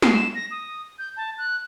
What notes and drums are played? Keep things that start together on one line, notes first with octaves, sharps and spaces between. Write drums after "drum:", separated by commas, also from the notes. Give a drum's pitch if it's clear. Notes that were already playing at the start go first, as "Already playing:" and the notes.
C7, drum: snare
E7
A#6
D#6
G6
A5
F#6